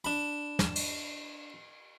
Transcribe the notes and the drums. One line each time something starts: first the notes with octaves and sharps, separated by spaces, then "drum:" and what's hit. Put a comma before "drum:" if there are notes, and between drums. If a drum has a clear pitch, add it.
D4 B5
drum: snare
drum: cymbal